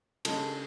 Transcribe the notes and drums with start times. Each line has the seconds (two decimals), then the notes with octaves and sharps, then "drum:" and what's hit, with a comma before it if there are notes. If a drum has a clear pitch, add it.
0.25 C#3 G#3 A4, drum: cymbal